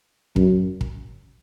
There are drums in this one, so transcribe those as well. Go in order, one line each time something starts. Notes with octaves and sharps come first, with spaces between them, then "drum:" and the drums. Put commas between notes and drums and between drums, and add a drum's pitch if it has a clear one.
F#2, drum: kick
drum: kick